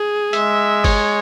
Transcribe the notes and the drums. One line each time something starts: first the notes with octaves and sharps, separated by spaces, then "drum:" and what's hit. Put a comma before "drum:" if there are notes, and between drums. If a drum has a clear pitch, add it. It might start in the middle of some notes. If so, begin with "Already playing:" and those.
Already playing: G#4
G#3 E5, drum: hi-hat
C#5, drum: kick G1, open hi-hat